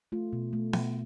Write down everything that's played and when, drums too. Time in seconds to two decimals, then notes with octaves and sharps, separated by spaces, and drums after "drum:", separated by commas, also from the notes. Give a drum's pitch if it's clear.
0.12 A3 F4
0.33 B2
0.53 A3
0.73 B2, drum: snare B3